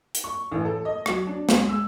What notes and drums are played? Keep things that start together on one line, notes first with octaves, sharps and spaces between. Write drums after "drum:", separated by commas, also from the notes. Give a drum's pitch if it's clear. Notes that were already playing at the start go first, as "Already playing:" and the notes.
drum: hi-hat
C#6
A1
A4
D#5
F#3, drum: rim click
D4
G#3, drum: snare
E6